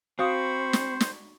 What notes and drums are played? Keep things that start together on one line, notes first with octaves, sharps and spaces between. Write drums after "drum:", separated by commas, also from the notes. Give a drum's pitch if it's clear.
C4 F#4 C5 F5 B5 C#6 D#6
drum: snare
drum: snare